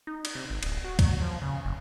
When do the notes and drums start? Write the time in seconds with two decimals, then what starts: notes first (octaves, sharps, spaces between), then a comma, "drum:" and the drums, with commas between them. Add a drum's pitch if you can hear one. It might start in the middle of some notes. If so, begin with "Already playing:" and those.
0.07 D#4
0.25 drum: cymbal
0.35 C3
0.50 G#1
0.63 D1, drum: cymbal
0.84 F#4
0.99 F#3, drum: kick D2, cymbal
1.21 F3
1.42 C#3
1.65 F#1